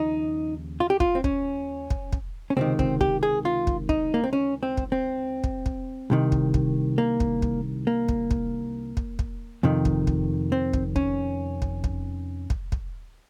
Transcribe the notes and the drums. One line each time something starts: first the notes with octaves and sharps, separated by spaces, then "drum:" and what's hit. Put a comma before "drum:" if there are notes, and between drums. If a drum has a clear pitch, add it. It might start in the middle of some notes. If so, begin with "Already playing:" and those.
Already playing: D#2 C#3 F3 D#4
F4
G4
F4, drum: kick
C4
C#4, drum: kick
drum: kick
drum: kick
C#4
C#2 C3 D#3 C4
C4, drum: kick
G4, drum: kick
G#4
F4
drum: kick
D#4, drum: kick
A#3
C4
C#4
C4
drum: kick
C4
drum: kick
drum: kick
C2 C3 D#3
drum: kick
drum: kick
A#3
drum: kick
drum: kick
A#3
drum: kick
drum: kick
drum: kick
drum: kick
F2 C3 D#3
drum: kick
drum: kick
C4
drum: kick
C#4, drum: kick
drum: kick
drum: kick
drum: kick
drum: kick